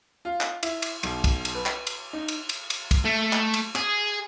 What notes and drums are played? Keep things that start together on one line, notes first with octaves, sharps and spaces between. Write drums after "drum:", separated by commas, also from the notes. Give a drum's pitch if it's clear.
F4
drum: clap
E4, drum: cymbal
drum: cymbal
B1, drum: cymbal
drum: kick, cymbal
drum: cymbal
B4
drum: clap
drum: cymbal
D#4
drum: cymbal
drum: cymbal
drum: cymbal
drum: kick, cymbal
A3
drum: clap
drum: cymbal
G#4, drum: clap